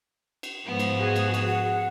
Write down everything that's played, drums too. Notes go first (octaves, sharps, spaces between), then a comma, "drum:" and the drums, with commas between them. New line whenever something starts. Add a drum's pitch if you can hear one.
drum: cymbal
G#2 F3 B3
drum: cymbal
F#4 G#4
drum: cymbal
drum: cymbal
F#5